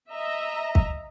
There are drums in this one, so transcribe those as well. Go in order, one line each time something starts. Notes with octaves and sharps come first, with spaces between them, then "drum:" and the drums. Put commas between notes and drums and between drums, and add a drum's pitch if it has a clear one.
D#5 E5 A#5
drum: kick